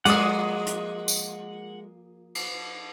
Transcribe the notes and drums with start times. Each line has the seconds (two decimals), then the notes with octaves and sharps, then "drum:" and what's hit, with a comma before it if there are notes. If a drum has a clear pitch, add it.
0.05 F3 G#3 A#3 G#4 F#5 D6 D#6, drum: hi-hat
0.66 drum: hi-hat
1.08 drum: tambourine
2.35 drum: cymbal